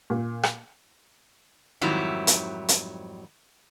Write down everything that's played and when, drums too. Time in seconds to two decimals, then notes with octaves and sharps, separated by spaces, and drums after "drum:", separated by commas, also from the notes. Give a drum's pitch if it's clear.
0.10 A#2
0.43 drum: rim click
1.81 F2 G#2 D#3 F#3 G3 E4
2.27 drum: hi-hat
2.68 drum: hi-hat